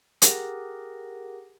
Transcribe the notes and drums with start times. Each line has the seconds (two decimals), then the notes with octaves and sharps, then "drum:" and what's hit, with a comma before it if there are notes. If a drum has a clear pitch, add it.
0.22 G4 G#4 A#4 F#5 A#6, drum: hi-hat